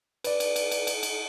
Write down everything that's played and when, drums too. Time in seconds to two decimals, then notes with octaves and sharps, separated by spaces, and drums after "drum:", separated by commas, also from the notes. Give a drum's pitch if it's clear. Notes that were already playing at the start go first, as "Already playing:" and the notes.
0.24 B4 D5, drum: cymbal
0.40 drum: cymbal
0.56 drum: cymbal
0.71 drum: cymbal
0.87 drum: cymbal
1.03 drum: cymbal